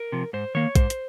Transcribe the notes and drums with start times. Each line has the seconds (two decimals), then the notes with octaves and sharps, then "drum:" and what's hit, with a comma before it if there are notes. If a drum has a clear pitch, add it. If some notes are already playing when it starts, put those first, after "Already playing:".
Already playing: A#4
0.12 C3 F3
0.33 G#2 C5
0.55 D#3 A#3 C#5
0.75 G#2 C5, drum: kick A#1, hi-hat
0.90 drum: hi-hat